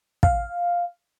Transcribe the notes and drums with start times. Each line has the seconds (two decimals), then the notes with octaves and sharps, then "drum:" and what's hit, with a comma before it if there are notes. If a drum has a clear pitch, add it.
0.23 F5, drum: kick